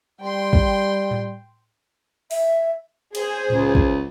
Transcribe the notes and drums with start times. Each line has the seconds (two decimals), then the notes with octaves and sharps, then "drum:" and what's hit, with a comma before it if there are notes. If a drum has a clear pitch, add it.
0.21 G3 G5 C6
0.53 drum: kick
1.11 drum: tom A2
2.31 E5, drum: open hi-hat
3.15 G#4 C5 G#5, drum: cymbal
3.50 C#2, drum: tom A2
3.75 drum: kick